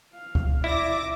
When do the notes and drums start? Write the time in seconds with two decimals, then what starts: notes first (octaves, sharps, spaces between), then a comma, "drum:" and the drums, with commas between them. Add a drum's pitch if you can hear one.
0.14 F5
0.35 drum: kick C#2
0.64 E4 D5 E5 D6 A#6